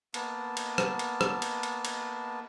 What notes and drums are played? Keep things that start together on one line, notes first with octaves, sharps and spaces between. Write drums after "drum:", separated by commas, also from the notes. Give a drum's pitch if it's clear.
A#3 B3 A5, drum: cymbal
drum: cymbal
drum: rim click
drum: cymbal
drum: rim click
drum: cymbal
drum: cymbal
drum: cymbal